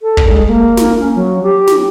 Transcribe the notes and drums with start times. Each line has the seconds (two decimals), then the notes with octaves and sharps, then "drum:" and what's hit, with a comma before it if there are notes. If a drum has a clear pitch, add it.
0.02 A4
0.17 drum: kick
0.29 G#3
0.48 A#3
0.77 drum: snare
1.00 C#4
1.15 F#3
1.43 G4
1.67 drum: snare